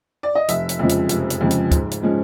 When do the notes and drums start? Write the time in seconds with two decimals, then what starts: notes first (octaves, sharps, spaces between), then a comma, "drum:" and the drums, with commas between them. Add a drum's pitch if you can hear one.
0.23 D5
0.35 D#5
0.49 F1 E5, drum: hi-hat
0.69 drum: hi-hat
0.79 F2 C#3 F3 G#3
0.89 drum: hi-hat
1.09 F1, drum: hi-hat
1.30 drum: hi-hat
1.41 F2 C#3 F3 G#3
1.51 drum: hi-hat
1.71 G#2, drum: kick, hi-hat
1.91 drum: hi-hat
2.02 F3 G#3 C#4